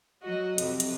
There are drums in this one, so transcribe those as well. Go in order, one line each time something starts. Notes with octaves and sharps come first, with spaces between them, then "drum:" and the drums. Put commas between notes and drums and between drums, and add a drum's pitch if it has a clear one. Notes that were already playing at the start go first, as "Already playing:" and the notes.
F#3 F#4 D#5
F2 C3, drum: hi-hat
drum: hi-hat